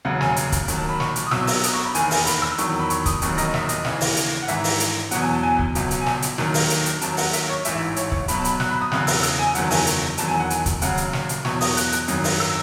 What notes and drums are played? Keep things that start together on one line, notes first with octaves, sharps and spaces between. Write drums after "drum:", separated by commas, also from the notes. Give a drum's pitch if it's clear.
E1 D#2 C#3 F#3 F#5
G#5, drum: snare
drum: hi-hat
drum: kick C#1, hi-hat
D#2 D#3 F#3, drum: hi-hat
A5
B5
C#6, drum: snare
drum: hi-hat
D#6
B1 B2 F#3 E6, drum: snare
drum: open hi-hat
D#6, drum: hi-hat
C#6
B5
E1 D#2 D#3 G#5, drum: hi-hat
G#5, drum: open hi-hat
B5, drum: hi-hat
E6
E2 D#3 F#3 C#6, drum: hi-hat
B5
C#6, drum: hi-hat
D#6, drum: kick C#1, hi-hat
E1 D#2 D#3 F#3 C#6, drum: hi-hat
D#5, drum: hi-hat
E5, drum: snare
D#5, drum: hi-hat
D#2 C#3 E3, drum: snare
drum: open hi-hat
drum: hi-hat
F#5
G#1 G#2 E3 E5, drum: hi-hat
drum: open hi-hat
drum: hi-hat
E2 B2 F#3 F#5, drum: hi-hat
G#5
A5
G#5
drum: kick C#1
C#2 B2 F#3, drum: hi-hat
drum: hi-hat
G#5
A5, drum: snare
drum: hi-hat
D#2 D#3 F#3, drum: snare
drum: open hi-hat
drum: hi-hat
drum: hi-hat
D#2 D#3 F#3 A5, drum: hi-hat
F#5, drum: open hi-hat
E5, drum: hi-hat
C#5
A1 G#2 E3 E5, drum: hi-hat
E5
C#5, drum: hi-hat
C#5, drum: kick C#1
B1 B2 F#3 B5, drum: hi-hat
A5
B5, drum: hi-hat
F#6, drum: snare
B5
D#6
E2 C#3 F#3 F#6, drum: snare
E6, drum: open hi-hat
E6, drum: hi-hat
G#5
F#1 E2 D#3 F#3 F#5, drum: hi-hat
A5
G#5, drum: open hi-hat
drum: hi-hat
E1 E2 D#3 F#3 A5, drum: hi-hat
G#5
F#5
G#5, drum: hi-hat
drum: kick C#1, hi-hat
D#2 C#3 F#3 F#5, drum: hi-hat
drum: hi-hat
drum: snare
drum: hi-hat
E2 B2 F#3 C#6, drum: snare
D#6, drum: open hi-hat
F#6, drum: hi-hat
F#6, drum: hi-hat
G#1 F#2 D#3 F#3, drum: hi-hat
drum: open hi-hat
E6